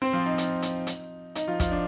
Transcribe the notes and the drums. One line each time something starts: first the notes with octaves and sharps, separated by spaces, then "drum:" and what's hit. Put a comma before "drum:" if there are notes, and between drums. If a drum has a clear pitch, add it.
C4 C5
F3 F4
D#4
drum: hi-hat
drum: hi-hat
drum: hi-hat
D#4, drum: hi-hat
F3 F4
F3 F4, drum: kick, hi-hat
D4